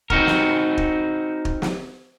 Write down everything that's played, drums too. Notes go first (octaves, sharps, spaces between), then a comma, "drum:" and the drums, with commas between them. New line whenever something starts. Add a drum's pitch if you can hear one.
C4 D#4 F#4 A#4, drum: kick
drum: snare
drum: kick
drum: kick
drum: snare